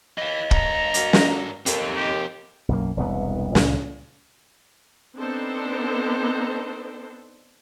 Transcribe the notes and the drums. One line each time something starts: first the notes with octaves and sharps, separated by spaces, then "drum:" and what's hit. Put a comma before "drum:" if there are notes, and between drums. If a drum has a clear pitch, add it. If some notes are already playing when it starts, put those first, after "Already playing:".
E3 D#5 F5
G2 A4 A#5, drum: kick
F#3 A#3, drum: hi-hat
drum: snare
D#2 C3 C4 A4, drum: hi-hat
C3 F3 G4
B1 F#2 A#3
E1 C2 B3
C#2 A#2 C#3 F3, drum: snare
B3 C4 D4 D#4 A4 C5